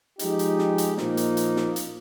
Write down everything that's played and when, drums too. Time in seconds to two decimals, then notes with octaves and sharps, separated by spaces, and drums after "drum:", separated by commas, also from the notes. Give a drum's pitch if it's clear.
0.19 F3 G#3 D#4 G4, drum: hi-hat
0.39 drum: hi-hat
0.59 drum: snare
0.78 drum: hi-hat
0.98 A#2 F3 A#3 D#4, drum: snare
1.17 drum: hi-hat
1.37 drum: hi-hat
1.56 drum: snare
1.76 drum: hi-hat